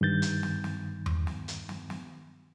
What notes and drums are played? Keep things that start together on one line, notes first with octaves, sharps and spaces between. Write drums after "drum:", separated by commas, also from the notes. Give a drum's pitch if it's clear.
G2 D#3 G6 A6
drum: hi-hat
drum: snare
drum: snare
drum: tom E2
drum: snare
drum: hi-hat
drum: snare
drum: snare